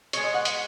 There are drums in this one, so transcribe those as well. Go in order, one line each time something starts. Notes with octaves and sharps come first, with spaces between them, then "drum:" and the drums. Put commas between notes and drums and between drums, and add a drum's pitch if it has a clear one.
B2 G#3 C#5, drum: hi-hat
D#5
F#5
F#5, drum: hi-hat